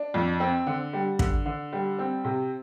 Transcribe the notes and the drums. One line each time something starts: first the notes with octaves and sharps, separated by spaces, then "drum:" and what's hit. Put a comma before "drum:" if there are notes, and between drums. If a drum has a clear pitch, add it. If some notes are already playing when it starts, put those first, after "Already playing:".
Already playing: D4
F2
C4
D3
G3
D3, drum: kick
D3
G3
C4
C3